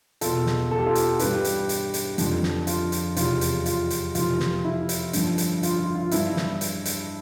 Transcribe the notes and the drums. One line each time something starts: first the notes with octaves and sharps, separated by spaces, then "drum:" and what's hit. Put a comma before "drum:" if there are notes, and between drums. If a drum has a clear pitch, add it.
E2 B2 F4 A4, drum: hi-hat
drum: snare
A4
G4
F4 A4
drum: hi-hat
G2 E3 G4 B4, drum: hi-hat
drum: hi-hat
drum: hi-hat
drum: hi-hat
F2 D3 F3, drum: hi-hat
drum: snare
F4, drum: hi-hat
drum: hi-hat
E2 C3 E3 F4, drum: hi-hat
drum: hi-hat
F4, drum: hi-hat
drum: hi-hat
F2 C3 E3 F4, drum: hi-hat
drum: snare
E4
drum: hi-hat
G2 D3 F3, drum: hi-hat
drum: hi-hat
F4, drum: hi-hat
F4
F4
G2 E3 E4, drum: hi-hat
drum: snare
drum: hi-hat
drum: hi-hat